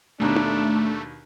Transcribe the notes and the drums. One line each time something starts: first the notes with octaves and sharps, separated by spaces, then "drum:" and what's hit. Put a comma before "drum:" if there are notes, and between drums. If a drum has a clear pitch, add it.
D#2 B2 A3 D4
drum: tom D4